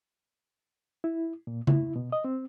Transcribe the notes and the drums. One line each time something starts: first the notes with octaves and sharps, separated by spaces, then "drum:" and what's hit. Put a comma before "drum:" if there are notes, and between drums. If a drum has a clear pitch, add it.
E4
A#2
E4, drum: tom C#3
B2
D#5
C4